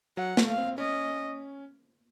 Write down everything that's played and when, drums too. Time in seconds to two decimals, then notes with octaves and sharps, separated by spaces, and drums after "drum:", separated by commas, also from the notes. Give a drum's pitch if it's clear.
0.17 F#3 F#5
0.37 A3, drum: snare
0.47 F5
0.58 C4
0.78 C#4 D#5